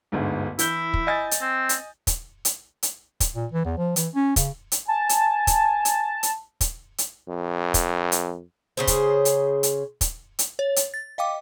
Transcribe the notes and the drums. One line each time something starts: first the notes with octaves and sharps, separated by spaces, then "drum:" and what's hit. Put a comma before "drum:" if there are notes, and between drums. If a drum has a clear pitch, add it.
G1 D2 G#2
E3 E4 G6 G7, drum: hi-hat
drum: kick
D#5 G#5 A6
drum: hi-hat
C4
drum: hi-hat
drum: kick, hi-hat
drum: hi-hat
drum: hi-hat
drum: kick, hi-hat
A#2
E3
E2
F3
E3, drum: hi-hat
C#4
C#3, drum: kick, hi-hat
drum: hi-hat
G#5 A5
drum: hi-hat
drum: kick, hi-hat
drum: hi-hat
drum: hi-hat
drum: kick, hi-hat
drum: hi-hat
F2
drum: kick, hi-hat
drum: hi-hat
C#3 G#4 C5
drum: kick, hi-hat
drum: hi-hat
drum: hi-hat
drum: kick, hi-hat
drum: hi-hat
C#5
drum: hi-hat
A6
D#5 F5 G5 D6